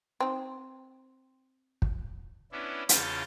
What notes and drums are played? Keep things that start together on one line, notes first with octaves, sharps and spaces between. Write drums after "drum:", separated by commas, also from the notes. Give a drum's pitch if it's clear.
C4 D#4
drum: kick
B3 C#4 D4 E4
E2 C#3 C#4 F4 G5 A5, drum: hi-hat